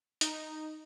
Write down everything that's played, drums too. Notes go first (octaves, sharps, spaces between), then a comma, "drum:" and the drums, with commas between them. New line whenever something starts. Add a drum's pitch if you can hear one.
D#4, drum: hi-hat